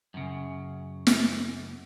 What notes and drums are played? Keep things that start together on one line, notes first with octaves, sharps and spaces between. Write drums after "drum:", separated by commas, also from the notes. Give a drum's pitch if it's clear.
F#2 C#3
drum: snare